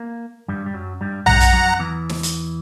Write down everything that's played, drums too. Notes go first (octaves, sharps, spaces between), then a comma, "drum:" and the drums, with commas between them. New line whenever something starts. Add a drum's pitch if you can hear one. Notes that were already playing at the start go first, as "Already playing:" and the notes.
Already playing: A#3
G2 G3
G3
F#2 F#3
G2 G3
G2 G3 F#5 A#5, drum: tom A#1
drum: hi-hat
F#2 F#3
E2 E3
drum: snare
drum: hi-hat